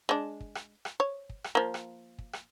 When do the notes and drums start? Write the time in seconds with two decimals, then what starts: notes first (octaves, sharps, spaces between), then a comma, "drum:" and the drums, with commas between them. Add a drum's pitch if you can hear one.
0.09 G#3 D4
0.40 drum: kick
0.55 drum: rim click
0.85 drum: rim click
1.00 C#5
1.29 drum: kick
1.44 drum: rim click
1.55 F3 A#3
1.74 drum: rim click
2.18 drum: kick
2.33 drum: rim click